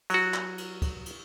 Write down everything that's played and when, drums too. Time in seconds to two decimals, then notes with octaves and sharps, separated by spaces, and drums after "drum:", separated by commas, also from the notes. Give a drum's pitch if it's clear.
0.10 F#3 F#4, drum: cymbal
0.34 drum: clap
0.58 drum: cymbal
0.82 drum: kick, cymbal
1.06 drum: cymbal